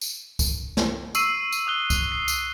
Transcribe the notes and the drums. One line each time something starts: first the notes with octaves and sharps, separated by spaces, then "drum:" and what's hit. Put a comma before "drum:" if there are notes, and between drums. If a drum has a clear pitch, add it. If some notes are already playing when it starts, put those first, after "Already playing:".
drum: tambourine
drum: kick C2, tambourine
drum: snare
C#6 E6 C7 D#7, drum: tambourine
drum: tambourine
D#6 F#6 G7
drum: kick C2, tambourine
C7
drum: tambourine